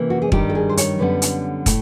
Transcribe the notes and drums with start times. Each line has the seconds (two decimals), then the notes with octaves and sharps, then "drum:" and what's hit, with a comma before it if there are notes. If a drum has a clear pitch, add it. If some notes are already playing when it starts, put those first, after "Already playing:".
Already playing: C3 E3 A#3 C#4
0.10 F#4
0.22 G#4
0.32 G2 D#3 G3 G4, drum: kick
0.50 A4
0.55 G#4
0.69 C5
0.77 C#5, drum: hi-hat
0.99 F#2 D3 G3 B3 B4
1.22 drum: hi-hat
1.66 A2, drum: kick, hi-hat